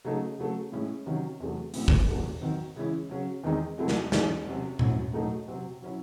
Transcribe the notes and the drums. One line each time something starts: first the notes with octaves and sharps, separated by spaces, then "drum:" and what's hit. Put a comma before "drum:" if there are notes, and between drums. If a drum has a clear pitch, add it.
C#3 F#3 A3 D#4
C#3 F#3 A3
A2 G#3 C#4 E4
C3 D#3 F#3 C#4
E2 C3 F#3 A3
A2 F#3 C4 E4, drum: open hi-hat
drum: kick
E2 C3 F#3 A3
D#3 F#3 C4
C#3 E3 G#3 C#4 E4
C#3 F#3 C#4
E2 D#3 G#3 C4 D#4
C3 F#3 A3 C4 E4
drum: snare
G#2 E3 G#3 C#4, drum: snare
C3 F#3 C#4
A2 F#3 C#4 E4, drum: tom A#2
A2 F#3 A3 D#4
C3 F#3 C4
F#3 C#4 E4